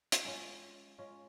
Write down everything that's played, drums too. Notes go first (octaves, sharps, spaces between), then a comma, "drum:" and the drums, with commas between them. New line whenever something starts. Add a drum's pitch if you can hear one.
drum: hi-hat
G#3 C#4 F4
G#3 C#4 F4